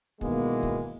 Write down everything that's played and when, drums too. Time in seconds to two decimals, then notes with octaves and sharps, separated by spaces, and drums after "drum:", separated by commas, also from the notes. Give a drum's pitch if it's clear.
0.21 B2 D#3 E3 G#3 A#3 B3, drum: kick
0.63 drum: kick